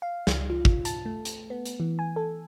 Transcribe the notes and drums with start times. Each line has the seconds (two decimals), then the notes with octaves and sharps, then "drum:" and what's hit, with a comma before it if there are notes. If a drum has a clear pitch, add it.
0.02 F5
0.27 C#2, drum: snare
0.50 F4
0.65 drum: kick
0.85 A5, drum: hi-hat
1.06 A3
1.25 drum: hi-hat
1.50 B3
1.66 drum: hi-hat
1.80 E3
1.99 G#5
2.16 A4